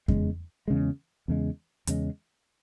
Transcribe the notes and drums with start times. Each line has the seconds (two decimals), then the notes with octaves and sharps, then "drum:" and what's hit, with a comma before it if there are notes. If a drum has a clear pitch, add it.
0.08 E2 C#3 G#3, drum: kick F2
0.68 E2 C#3 G#3
1.28 E2 C#3 G#3
1.87 E2 C#3 G#3, drum: hi-hat